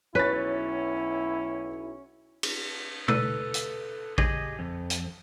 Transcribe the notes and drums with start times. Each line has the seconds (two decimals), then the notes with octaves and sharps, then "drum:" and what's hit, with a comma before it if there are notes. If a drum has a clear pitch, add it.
0.15 B1 C#4 E4 B4 C#5 A6
2.43 drum: cymbal
3.08 A4 B4, drum: tom B2
3.54 drum: hi-hat
4.18 G4 G#4 D#5, drum: kick A1
4.59 F2
4.90 drum: hi-hat